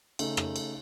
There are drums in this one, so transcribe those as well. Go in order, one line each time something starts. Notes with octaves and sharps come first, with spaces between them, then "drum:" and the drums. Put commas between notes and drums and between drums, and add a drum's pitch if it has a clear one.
C#3 A3 D#4, drum: cymbal
drum: rim click
drum: cymbal